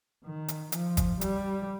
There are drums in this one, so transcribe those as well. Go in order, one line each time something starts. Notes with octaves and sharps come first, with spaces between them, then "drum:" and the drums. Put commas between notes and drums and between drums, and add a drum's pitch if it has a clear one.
D#3
drum: hi-hat
F3, drum: hi-hat
drum: kick, hi-hat
G3, drum: hi-hat